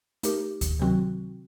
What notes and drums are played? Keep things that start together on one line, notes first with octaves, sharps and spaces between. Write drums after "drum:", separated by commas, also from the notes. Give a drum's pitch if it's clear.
A3 D#4 G4 A#4, drum: hi-hat
drum: kick D2, hi-hat
C3 D#3 F#3 C4 F#4